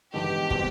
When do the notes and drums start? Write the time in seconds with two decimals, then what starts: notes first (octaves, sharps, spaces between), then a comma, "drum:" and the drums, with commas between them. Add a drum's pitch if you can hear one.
0.13 A1 G2 D#3 G#3 B3 G4
0.50 B2 G#3 C4, drum: kick